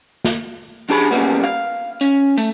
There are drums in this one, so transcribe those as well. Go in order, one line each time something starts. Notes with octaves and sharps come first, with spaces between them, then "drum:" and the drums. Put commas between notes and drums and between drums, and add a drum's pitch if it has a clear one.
drum: snare
F3 D4 G4 G#4 B5
B1 C#3 E3 G3 A#3 B3
F5
C#4, drum: hi-hat
A3, drum: tambourine